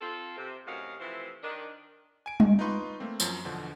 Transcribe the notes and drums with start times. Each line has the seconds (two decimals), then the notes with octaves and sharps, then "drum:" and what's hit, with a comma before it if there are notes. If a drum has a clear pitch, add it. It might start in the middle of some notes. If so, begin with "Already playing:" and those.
0.01 C4 F4 A4
0.37 C3
0.66 F#2 A2 C3 F#4 D#5 F5
0.99 C3 E3 F3 A3 C4 E4
1.43 D#3 D4
2.26 G#5 D7
2.40 drum: tom G3
2.59 D#4 F4 B4 C6 C#6
3.00 A3 A#3 C4
3.20 F#2 F3 F#3, drum: tambourine
3.45 E2 B2 D3 F3